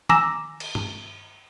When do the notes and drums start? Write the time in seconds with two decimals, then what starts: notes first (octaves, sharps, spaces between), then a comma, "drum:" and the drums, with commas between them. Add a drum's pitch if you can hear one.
0.09 G#5 A#5 D6 E6 A#6 E7, drum: tom D#3
0.60 drum: cymbal
0.75 drum: tom G2